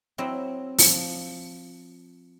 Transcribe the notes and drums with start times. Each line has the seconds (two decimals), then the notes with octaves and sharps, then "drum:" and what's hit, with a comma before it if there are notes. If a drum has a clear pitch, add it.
0.18 F#3 C4 E4 D#5
0.78 F3, drum: open hi-hat